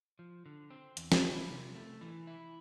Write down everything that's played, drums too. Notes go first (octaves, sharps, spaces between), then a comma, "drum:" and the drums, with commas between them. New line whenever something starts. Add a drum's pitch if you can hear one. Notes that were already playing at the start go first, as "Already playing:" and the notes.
F3
D3
C4
E2, drum: hi-hat
drum: snare
E4
C3
A3
E3
E4